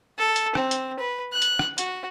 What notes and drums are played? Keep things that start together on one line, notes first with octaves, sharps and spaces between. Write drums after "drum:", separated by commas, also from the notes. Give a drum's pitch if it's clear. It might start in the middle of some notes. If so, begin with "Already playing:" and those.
A4
drum: hi-hat
C4, drum: rim click
drum: hi-hat
B4
F#6
drum: hi-hat
drum: rim click
F#4, drum: hi-hat